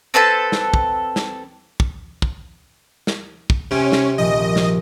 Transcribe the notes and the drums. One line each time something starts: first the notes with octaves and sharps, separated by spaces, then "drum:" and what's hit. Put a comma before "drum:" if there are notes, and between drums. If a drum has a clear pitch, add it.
C4 A4 B4 A5
drum: snare
drum: kick
drum: snare
drum: kick
drum: kick
drum: snare
drum: kick
C3 C#4
drum: snare
D#1 A#1 F3 D#5
drum: snare